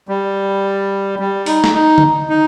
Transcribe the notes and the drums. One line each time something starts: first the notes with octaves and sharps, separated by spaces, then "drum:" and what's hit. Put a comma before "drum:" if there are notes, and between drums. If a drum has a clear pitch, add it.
G3
G3
D#4, drum: open hi-hat
drum: snare
D#4
drum: tom D3
D#4